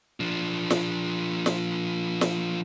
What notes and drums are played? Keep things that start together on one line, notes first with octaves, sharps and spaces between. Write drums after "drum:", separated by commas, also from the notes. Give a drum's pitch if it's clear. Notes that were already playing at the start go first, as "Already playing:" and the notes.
F3 D4
drum: snare
drum: snare
drum: snare